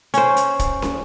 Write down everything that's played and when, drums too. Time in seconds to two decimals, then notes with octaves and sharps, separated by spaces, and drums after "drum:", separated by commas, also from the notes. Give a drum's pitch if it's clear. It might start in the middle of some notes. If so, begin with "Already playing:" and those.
0.14 C#4 C5, drum: hi-hat
0.37 drum: hi-hat
0.59 drum: kick, hi-hat
0.82 drum: snare